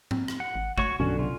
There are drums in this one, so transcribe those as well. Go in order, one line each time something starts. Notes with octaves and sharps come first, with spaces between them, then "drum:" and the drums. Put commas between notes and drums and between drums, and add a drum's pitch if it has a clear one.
C4, drum: tom G#2
drum: rim click
F#5
G#1
A3 F#4 C#5 C#6, drum: kick
B1 G2 D3 C#4 F#4
C3 F4